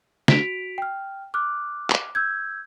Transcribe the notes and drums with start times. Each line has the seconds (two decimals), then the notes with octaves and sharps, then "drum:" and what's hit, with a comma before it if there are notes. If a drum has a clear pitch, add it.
0.28 F#4 B6 D7 F7, drum: snare
0.78 G5 F6
1.34 D6 F6 F#6
1.90 drum: clap
2.15 E6 G6 G#6